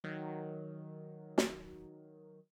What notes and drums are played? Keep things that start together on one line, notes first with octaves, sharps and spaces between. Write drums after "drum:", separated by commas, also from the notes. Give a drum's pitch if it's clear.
D#3 F#3
drum: snare